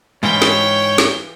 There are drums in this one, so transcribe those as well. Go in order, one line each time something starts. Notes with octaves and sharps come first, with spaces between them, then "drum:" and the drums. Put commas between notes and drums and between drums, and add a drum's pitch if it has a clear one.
G#2 E3 F4 C#5 G5
drum: snare
drum: snare